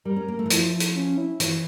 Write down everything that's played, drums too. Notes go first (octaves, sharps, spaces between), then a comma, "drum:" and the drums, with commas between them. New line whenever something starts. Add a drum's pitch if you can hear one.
G3 A#4
C#4
A#3
A3
E3
F3 E4, drum: hi-hat
drum: hi-hat
C#4
E4
E3, drum: hi-hat